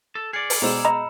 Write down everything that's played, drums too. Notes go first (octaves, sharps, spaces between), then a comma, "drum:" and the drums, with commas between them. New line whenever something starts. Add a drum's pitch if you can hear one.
A4
G#4 D5 F6 C#7
drum: open hi-hat
B2 G#3 C5 A#5 E6 E7
D#5 A#5 B5